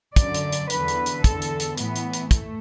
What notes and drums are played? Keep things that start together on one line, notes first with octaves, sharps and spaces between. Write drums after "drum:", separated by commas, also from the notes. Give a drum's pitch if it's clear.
F#2 D3 D5, drum: kick, hi-hat
drum: hi-hat
drum: hi-hat
E2 D3 B4, drum: hi-hat
drum: hi-hat
drum: hi-hat
E2 D3 A4, drum: kick, hi-hat
drum: hi-hat
drum: hi-hat
A2 E3 B3, drum: hi-hat
drum: hi-hat
drum: hi-hat
A3, drum: kick, hi-hat